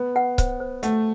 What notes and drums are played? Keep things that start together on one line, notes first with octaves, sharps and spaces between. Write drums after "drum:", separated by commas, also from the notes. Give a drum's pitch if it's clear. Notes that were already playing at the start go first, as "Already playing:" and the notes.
Already playing: B3
F#5
C5, drum: kick C#1, hi-hat
C5
A3 F#5, drum: hi-hat